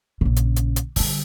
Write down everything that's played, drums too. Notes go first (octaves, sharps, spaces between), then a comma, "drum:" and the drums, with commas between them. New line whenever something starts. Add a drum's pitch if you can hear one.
A#1 C#3
drum: hi-hat
drum: hi-hat
drum: hi-hat
D3 G3, drum: kick, open hi-hat